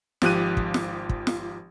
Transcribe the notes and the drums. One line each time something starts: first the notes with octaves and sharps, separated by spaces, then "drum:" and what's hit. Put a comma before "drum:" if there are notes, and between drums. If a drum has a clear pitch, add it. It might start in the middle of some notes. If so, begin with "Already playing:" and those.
G#1 F3 G4 F#6 D#7, drum: snare
drum: kick
drum: snare
drum: kick
drum: snare